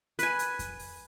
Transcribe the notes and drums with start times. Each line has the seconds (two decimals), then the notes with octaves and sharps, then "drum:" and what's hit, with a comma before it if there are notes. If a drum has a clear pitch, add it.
0.19 B4 G#5, drum: hi-hat
0.39 drum: hi-hat
0.59 drum: kick F2, hi-hat
0.79 drum: open hi-hat